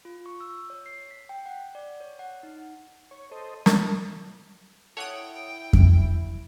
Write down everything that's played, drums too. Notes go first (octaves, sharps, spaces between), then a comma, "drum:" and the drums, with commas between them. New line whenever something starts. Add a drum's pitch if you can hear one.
F4
C#6
E6
C#5
C7
B6
G5
F#5
D5
C#5
F#5
D#4
C#5
A4 C5 D#5
E4 D5, drum: snare
E4 A4 C#5 F#5 G5 D#6
drum: kick F2